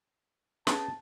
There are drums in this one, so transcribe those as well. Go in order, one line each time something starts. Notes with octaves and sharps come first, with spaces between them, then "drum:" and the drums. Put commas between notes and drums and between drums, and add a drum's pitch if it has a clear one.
B3 C#4 G#4 A5, drum: snare